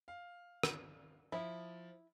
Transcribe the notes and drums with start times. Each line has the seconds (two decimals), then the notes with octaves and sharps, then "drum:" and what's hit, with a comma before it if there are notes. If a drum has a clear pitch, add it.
0.08 F5
0.63 drum: rim click
1.32 F3 E4